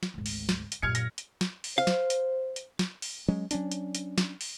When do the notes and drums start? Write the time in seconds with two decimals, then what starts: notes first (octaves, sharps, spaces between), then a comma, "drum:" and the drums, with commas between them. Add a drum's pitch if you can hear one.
0.03 drum: snare
0.14 G#1 D2
0.26 drum: open hi-hat
0.49 drum: snare
0.72 drum: hi-hat
0.82 F#2 A#2 F6 G#6 C#7
0.95 A#6, drum: hi-hat
1.18 drum: hi-hat
1.41 drum: snare
1.64 drum: open hi-hat
1.78 C5 F5
1.87 drum: snare
2.10 drum: hi-hat
2.56 drum: hi-hat
2.79 drum: snare
3.02 drum: open hi-hat
3.28 F#3 G#3 C#4
3.51 F#3 C#4 D4, drum: hi-hat
3.72 drum: hi-hat
3.95 drum: hi-hat
4.18 drum: snare
4.41 drum: open hi-hat